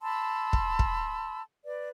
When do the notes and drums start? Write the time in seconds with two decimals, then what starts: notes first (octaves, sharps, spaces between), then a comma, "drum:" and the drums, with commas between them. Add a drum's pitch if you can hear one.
0.01 A5 B5 C6 E6
0.53 drum: kick
0.79 drum: kick
1.64 B4 D5